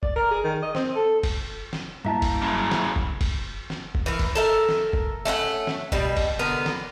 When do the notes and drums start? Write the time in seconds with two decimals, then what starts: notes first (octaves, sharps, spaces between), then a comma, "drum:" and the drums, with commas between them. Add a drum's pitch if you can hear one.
0.03 D5, drum: kick F1
0.16 A#4
0.31 G#4
0.44 D#3
0.62 D#5
0.75 C4, drum: snare
0.96 A4
1.23 drum: kick F1, cymbal
1.73 drum: snare
2.05 G2 A#3 E4 E5 A5 A#5
2.22 drum: kick F1, cymbal
2.42 F#2 C#3
2.71 drum: snare
2.96 drum: kick F1
3.21 drum: kick F1, cymbal
3.70 drum: snare
3.95 drum: kick F1
4.06 E3 A#4
4.19 drum: kick F1, cymbal
4.35 A4 A#4 E5
4.69 drum: snare
4.93 drum: kick F1
5.25 A3 C#4 E5 F#5
5.67 drum: snare
5.92 B2 G3, drum: kick F1
6.17 drum: kick F1, cymbal
6.39 D3 B3 A#4
6.66 drum: snare